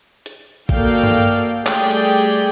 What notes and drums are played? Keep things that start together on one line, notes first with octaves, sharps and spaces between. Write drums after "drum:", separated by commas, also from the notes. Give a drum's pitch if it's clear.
drum: hi-hat
A#3 F#4 A4 D5 F5 G5, drum: kick
drum: tom G2
G3 A3 G4 G#4 D5 G5, drum: clap
drum: hi-hat